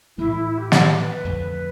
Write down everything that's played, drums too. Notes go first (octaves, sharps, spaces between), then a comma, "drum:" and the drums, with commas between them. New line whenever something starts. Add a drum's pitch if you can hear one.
A2 E3 A3 E4
E4
E4
G4
G4, drum: snare
B4
F2 D3 A3